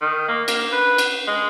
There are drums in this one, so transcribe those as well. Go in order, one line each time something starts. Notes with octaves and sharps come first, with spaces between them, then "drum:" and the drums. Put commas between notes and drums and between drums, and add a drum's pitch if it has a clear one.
D#3
A#3
A#3, drum: cymbal
B4
drum: cymbal
G#3